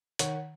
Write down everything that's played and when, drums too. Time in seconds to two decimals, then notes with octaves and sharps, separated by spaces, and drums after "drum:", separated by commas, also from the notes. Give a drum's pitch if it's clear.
0.19 D#3 C#5 F#5, drum: hi-hat